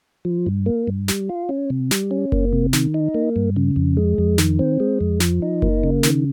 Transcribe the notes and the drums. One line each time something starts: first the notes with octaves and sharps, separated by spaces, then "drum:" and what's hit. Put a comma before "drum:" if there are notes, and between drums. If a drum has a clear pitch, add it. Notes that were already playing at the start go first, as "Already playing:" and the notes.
F3
G2
A#3
G2
G3, drum: snare
F4
C#4
C3
G3, drum: snare
C#4
A#3, drum: kick F#1
C3
D#3, drum: snare
D#4
A#3
G2
C#3
F2
G#3
F2
D#3, drum: snare
C4
G#3
F2
F3, drum: snare
D#4
A#3, drum: kick F#1
C#3
D#3, drum: snare